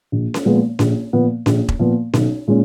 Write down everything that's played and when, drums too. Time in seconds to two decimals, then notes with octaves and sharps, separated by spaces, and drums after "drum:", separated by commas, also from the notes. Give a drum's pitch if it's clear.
0.12 A#1
0.34 drum: snare C#4
0.45 A#2 F3 G#3 B3
0.79 A#1, drum: snare C#4
1.13 A#2 F3 B3
1.46 A#1, drum: snare C#4
1.69 drum: kick E1
1.79 A#2 F3 B3
2.14 B1, drum: snare C#4
2.47 A#2 G#3 C#4